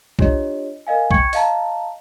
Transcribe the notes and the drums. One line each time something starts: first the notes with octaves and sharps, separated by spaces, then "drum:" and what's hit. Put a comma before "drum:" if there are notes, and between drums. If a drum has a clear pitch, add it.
D4 F4 G4 C#5 D#5, drum: kick
A#4 D#5 F5 G#5
G5 C#6 G#6 C#7, drum: kick
D#5 F5 A5 A#5, drum: open hi-hat